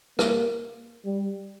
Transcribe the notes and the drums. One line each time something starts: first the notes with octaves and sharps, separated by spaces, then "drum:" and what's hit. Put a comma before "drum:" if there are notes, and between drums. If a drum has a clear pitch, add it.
A#3, drum: rim click
G3